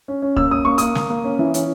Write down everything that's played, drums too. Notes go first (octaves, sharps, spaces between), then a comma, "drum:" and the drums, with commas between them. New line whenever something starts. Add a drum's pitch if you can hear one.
C#4
C#4
A#3 E6, drum: kick C#2
C#4 D#6
A#3 C#6
A#3 D#6, drum: hi-hat
A#3, drum: snare
A#3
C#4
E3
C#4, drum: hi-hat